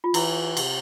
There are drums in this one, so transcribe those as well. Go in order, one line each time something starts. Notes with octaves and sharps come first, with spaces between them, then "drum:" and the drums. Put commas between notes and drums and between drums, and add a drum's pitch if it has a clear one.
F4
E3 E4, drum: cymbal
C3, drum: cymbal